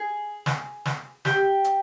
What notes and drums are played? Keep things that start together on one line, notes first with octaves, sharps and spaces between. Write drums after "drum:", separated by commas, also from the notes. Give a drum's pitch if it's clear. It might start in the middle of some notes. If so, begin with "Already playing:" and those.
Already playing: G#4
drum: snare
drum: snare
G4, drum: snare
drum: hi-hat